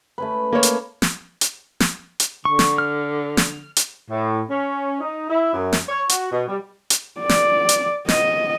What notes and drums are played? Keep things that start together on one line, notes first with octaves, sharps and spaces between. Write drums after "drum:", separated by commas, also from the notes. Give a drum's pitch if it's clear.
A3 C#4 B4
A#3 C#5
drum: hi-hat
drum: snare
drum: hi-hat
drum: snare
drum: hi-hat
D3 C#6
drum: snare
F6
drum: snare
drum: hi-hat
A2
C#4
D#4
E4
F#2
drum: snare
C#5
F#4, drum: hi-hat
B2
G3
drum: hi-hat
D5
drum: snare
drum: hi-hat
D#5, drum: snare